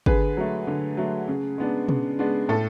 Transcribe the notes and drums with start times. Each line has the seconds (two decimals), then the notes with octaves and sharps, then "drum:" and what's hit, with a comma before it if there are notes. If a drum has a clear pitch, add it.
0.06 D3 G#4 B4, drum: kick
0.37 F#3 A3
0.67 D3
0.97 F#3 A3
1.28 C#3
1.58 G#3 B3 D4
1.88 C#3, drum: tom
2.19 G#3 B3 D4
2.49 A2 A4